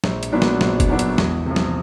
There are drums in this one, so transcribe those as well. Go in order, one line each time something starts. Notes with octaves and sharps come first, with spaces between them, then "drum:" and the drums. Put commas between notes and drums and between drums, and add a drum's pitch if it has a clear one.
A#1, drum: snare
drum: hi-hat
A#2 F#3 B3 D4
drum: snare
A#1, drum: snare
drum: kick F#1, hi-hat
A#2 F#3 B3 D4
drum: hi-hat
E2, drum: snare
C3 F3
drum: snare